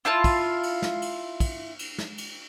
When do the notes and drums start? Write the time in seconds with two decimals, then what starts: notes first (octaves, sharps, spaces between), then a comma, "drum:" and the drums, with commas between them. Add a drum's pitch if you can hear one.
0.05 E4 F4 F5 A5
0.24 drum: kick, cymbal
0.63 drum: cymbal
0.82 drum: snare
1.02 drum: cymbal
1.40 drum: kick, cymbal
1.79 drum: cymbal
1.98 drum: snare
2.18 drum: cymbal